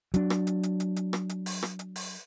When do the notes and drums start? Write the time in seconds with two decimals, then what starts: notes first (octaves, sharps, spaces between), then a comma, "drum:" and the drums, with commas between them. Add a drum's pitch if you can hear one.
0.14 F#3 D4, drum: hi-hat
0.30 drum: rim click
0.47 drum: hi-hat
0.63 drum: hi-hat
0.80 drum: hi-hat
0.96 drum: hi-hat
1.13 drum: rim click
1.29 drum: hi-hat
1.46 drum: open hi-hat
1.63 drum: rim click
1.79 drum: hi-hat
1.96 drum: open hi-hat